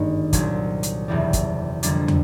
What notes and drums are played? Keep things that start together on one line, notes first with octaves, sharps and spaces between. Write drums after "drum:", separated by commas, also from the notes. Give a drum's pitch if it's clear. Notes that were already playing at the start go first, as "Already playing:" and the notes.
Already playing: G#1 G2 D#3 A#3
C2 A#2 F#3, drum: kick, hi-hat
drum: hi-hat
F#1 E2 C3 E3 G3
drum: kick, hi-hat
F2 D3 G3 A#3 D4, drum: hi-hat
drum: tom